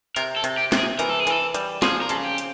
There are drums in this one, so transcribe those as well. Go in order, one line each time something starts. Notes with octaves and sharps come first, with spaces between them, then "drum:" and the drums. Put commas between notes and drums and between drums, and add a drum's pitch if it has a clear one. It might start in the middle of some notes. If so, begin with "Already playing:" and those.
C3 A#4, drum: hi-hat
A4
C3, drum: hi-hat
G4
C3, drum: snare
G#4
E3 A#4, drum: hi-hat
A4
G#4
E3 A4, drum: hi-hat
G3, drum: hi-hat
F3 G#4, drum: snare
A#4
C#3 A4, drum: hi-hat
G#4
G4
drum: hi-hat